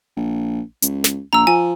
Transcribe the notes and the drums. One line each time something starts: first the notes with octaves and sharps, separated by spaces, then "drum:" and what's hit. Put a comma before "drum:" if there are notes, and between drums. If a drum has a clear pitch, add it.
A#1
C#2, drum: hi-hat
drum: snare
A#1 A#5 E6
F3 G#5